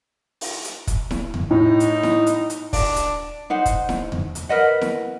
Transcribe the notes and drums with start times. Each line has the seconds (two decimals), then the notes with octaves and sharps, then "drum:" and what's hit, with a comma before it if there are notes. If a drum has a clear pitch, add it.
0.41 drum: open hi-hat
0.64 drum: hi-hat
0.87 drum: kick, hi-hat
1.11 drum: snare E4
1.34 drum: tom E2
1.51 A2 D#4
1.80 drum: hi-hat
2.03 drum: snare E4
2.26 drum: hi-hat
2.50 drum: hi-hat
2.73 D4, drum: kick, open hi-hat
2.96 drum: hi-hat
3.50 D#4 C5 F#5
3.66 drum: kick, hi-hat
3.89 drum: snare E4
4.12 drum: tom E2
4.35 drum: hi-hat
4.49 A#4 B4 D#5 F#5
4.81 drum: snare E4